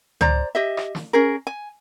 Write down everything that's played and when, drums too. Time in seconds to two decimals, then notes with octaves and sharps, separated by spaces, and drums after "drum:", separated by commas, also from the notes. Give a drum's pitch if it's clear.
0.21 C5 D5 A#5, drum: tom
0.55 G4 D#5 E5
0.77 drum: rim click
0.95 drum: snare
1.13 C#4 G#4 A#4
1.47 G#5